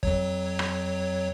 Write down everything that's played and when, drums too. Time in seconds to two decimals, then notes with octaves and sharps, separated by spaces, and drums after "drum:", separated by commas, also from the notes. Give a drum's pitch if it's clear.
0.03 F2 F#3 C#5, drum: kick
0.59 drum: rim click